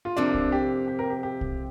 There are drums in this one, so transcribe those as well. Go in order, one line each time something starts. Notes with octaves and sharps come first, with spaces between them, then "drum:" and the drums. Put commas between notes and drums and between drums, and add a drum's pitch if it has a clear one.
F4
F2 C3 A#3 D4
drum: kick
G4
G4
A#4
G4
G4
drum: kick